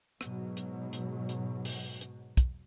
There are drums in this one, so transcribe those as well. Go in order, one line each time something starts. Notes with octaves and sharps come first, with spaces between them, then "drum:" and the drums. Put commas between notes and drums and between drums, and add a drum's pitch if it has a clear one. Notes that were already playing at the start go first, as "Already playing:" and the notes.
G#2 B2 F#3, drum: rim click
drum: hi-hat
drum: hi-hat
drum: hi-hat
drum: open hi-hat
drum: hi-hat
drum: kick, hi-hat